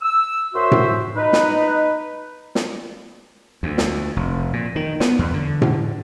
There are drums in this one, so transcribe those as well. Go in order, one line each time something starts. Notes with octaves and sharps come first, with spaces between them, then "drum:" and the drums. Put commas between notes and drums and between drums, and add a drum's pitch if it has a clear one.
E6
F#2 F#4 C5 E5
drum: tom A2
D#4 B4
drum: snare
drum: snare
D2
drum: snare
F1
A#2
D#3
B3, drum: snare
E2
D3
drum: tom A2